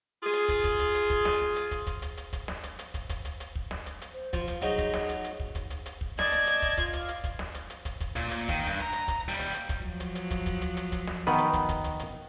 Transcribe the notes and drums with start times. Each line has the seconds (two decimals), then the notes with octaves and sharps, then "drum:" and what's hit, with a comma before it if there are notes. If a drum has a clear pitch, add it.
0.22 F4 G#4
0.33 drum: hi-hat
0.49 drum: kick, hi-hat
0.64 drum: kick, hi-hat
0.79 drum: hi-hat
0.95 drum: hi-hat
1.10 drum: kick, hi-hat
1.25 drum: snare
1.56 drum: hi-hat
1.71 drum: kick, hi-hat
1.87 drum: kick, hi-hat
2.02 drum: hi-hat
2.17 drum: hi-hat
2.33 drum: kick, hi-hat
2.48 drum: snare
2.63 drum: hi-hat
2.79 drum: hi-hat
2.94 drum: kick, hi-hat
3.09 drum: kick, hi-hat
3.25 drum: hi-hat
3.40 drum: hi-hat
3.55 drum: kick
3.71 drum: snare
3.86 drum: hi-hat
4.01 drum: hi-hat
4.13 C5
4.33 F3, drum: kick, hi-hat
4.48 drum: hi-hat
4.62 F#3 D#4 G#4, drum: hi-hat
4.78 drum: kick, hi-hat
4.94 drum: snare
5.09 drum: hi-hat
5.24 drum: hi-hat
5.40 drum: kick
5.55 drum: kick, hi-hat
5.70 drum: hi-hat
5.86 drum: hi-hat
6.01 drum: kick
6.19 D5 D#5 A5 G#6, drum: snare
6.32 drum: hi-hat
6.47 drum: hi-hat
6.62 drum: kick, hi-hat
6.78 F4 F5, drum: kick, hi-hat
6.93 drum: hi-hat
7.08 drum: hi-hat
7.24 drum: kick, hi-hat
7.39 drum: snare
7.54 drum: hi-hat
7.70 drum: hi-hat
7.85 drum: kick, hi-hat
8.00 drum: kick, hi-hat
8.16 A#2, drum: hi-hat
8.31 drum: hi-hat
8.49 D#3, drum: kick, hi-hat
8.67 G2
8.82 A#5
8.93 drum: hi-hat
9.08 drum: kick, hi-hat
9.29 D#2 G3
9.39 drum: hi-hat
9.54 drum: hi-hat
9.69 drum: kick, hi-hat
9.79 F3 F#3
10.00 drum: hi-hat
10.15 drum: hi-hat
10.31 drum: kick, hi-hat
10.46 drum: kick, hi-hat
10.61 drum: hi-hat
10.77 drum: hi-hat
10.92 drum: kick, hi-hat
11.07 drum: snare
11.27 D#3 B3 B4
11.38 drum: hi-hat
11.53 drum: kick, hi-hat
11.69 drum: kick, hi-hat
11.84 drum: hi-hat
11.99 drum: hi-hat